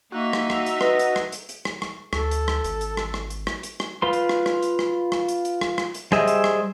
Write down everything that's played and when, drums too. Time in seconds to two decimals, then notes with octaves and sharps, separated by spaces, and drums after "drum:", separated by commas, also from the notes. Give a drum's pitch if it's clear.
0.12 A#3 D#4 F#4 E5
0.33 drum: rim click
0.50 drum: rim click
0.66 drum: hi-hat
0.81 B4 D#5, drum: rim click
0.99 drum: hi-hat
1.16 drum: rim click
1.32 drum: hi-hat
1.49 drum: hi-hat
1.65 drum: rim click
1.82 drum: rim click
2.13 D2 A4, drum: rim click
2.31 drum: hi-hat
2.48 drum: rim click
2.64 G#1, drum: hi-hat
2.81 drum: hi-hat
2.97 drum: rim click
3.14 drum: rim click
3.30 drum: hi-hat
3.47 drum: rim click
3.63 drum: hi-hat
3.80 drum: rim click
4.02 F4 B4 C6
4.13 drum: hi-hat
4.29 drum: rim click
4.46 drum: rim click
4.62 drum: hi-hat
4.79 drum: rim click
5.12 drum: rim click
5.28 drum: hi-hat
5.45 drum: hi-hat
5.61 drum: rim click
5.78 drum: rim click
5.94 drum: hi-hat
6.12 G3 G#4 C5 D#5 E5, drum: rim click
6.27 drum: hi-hat
6.44 drum: rim click